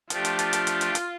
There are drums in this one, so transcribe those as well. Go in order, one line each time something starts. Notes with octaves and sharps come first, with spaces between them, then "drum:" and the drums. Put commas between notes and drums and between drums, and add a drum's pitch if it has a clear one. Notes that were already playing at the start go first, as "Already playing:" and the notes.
F3 A3 D4 F4 G4, drum: hi-hat
drum: hi-hat
drum: hi-hat
drum: hi-hat
drum: hi-hat
drum: hi-hat
drum: hi-hat